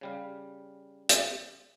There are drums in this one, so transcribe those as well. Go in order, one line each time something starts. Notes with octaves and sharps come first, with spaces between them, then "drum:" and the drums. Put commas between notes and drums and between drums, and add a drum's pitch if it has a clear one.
C#3 G3 F5
drum: hi-hat